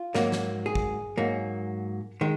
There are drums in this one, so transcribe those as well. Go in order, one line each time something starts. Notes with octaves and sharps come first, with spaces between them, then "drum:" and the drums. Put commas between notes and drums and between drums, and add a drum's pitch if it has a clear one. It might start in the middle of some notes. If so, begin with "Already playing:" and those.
Already playing: F4
G#2 F#3 A#3, drum: snare
drum: snare
G#4
drum: kick
G#2 F#3 A#3
D#3 G#3